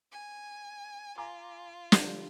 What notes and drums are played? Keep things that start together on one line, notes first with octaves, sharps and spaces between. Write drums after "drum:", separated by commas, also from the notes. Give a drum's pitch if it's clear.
G#5
F4 G#5 A#5 D6
D3 F3 G3, drum: snare